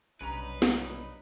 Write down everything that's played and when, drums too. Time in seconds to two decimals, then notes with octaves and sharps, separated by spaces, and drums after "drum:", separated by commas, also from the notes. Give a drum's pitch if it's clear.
0.21 B1 G2 C3 F#3 C#4 D#4 B4 A#5
0.62 drum: snare